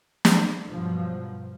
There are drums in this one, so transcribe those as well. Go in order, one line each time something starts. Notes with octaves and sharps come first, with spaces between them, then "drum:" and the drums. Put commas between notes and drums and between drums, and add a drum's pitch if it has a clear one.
drum: snare
G2 B2 F3 F#3